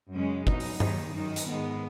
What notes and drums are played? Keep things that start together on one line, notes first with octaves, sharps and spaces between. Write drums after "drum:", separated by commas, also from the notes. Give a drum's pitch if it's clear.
F#2 C#3 G#3 C#4
B2 F#3 D#4, drum: kick
drum: open hi-hat
D#2 D#3 F#3 D#4, drum: tom G2
F#2 D#3 F#3 D#4
drum: hi-hat
G#2 D#3 G#3 B3